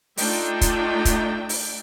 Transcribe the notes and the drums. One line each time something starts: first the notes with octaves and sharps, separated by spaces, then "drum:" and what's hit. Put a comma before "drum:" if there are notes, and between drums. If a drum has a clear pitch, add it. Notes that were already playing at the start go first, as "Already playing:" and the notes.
A3 D4 D#4 F4 E5 G5, drum: open hi-hat
drum: kick, hi-hat
drum: kick, hi-hat
drum: open hi-hat